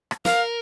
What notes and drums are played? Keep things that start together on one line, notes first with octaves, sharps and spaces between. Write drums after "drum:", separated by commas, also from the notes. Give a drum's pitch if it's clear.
drum: rim click
A#4 F5, drum: snare